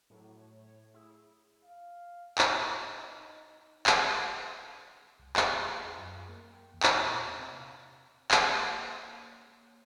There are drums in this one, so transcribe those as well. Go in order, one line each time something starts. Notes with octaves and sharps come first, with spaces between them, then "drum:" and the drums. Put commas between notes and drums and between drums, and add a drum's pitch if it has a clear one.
A2 F#3
C#5
E4 G#4
F5
drum: clap
D#4
drum: clap
C2
E2, drum: clap
G#4
F4
F#2
A#3
G5
E2
drum: clap
A#2
C5
C3
F5
drum: clap
A#3 C#5